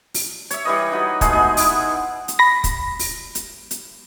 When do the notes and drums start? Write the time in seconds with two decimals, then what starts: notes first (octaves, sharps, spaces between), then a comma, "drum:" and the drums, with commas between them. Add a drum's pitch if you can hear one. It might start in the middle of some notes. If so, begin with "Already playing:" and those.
0.14 drum: open hi-hat
0.51 C#5 E5, drum: hi-hat
0.65 E3 G3 B4 D#5
0.92 D#4 F#4 B4
1.21 G#3 A3 G#4, drum: kick, hi-hat
1.33 B2 B3 D#4 G#4
1.57 D#4 E4, drum: open hi-hat
2.28 drum: hi-hat
2.39 B5 A#6
2.64 drum: kick, hi-hat
2.99 drum: open hi-hat
3.35 drum: hi-hat
3.71 drum: hi-hat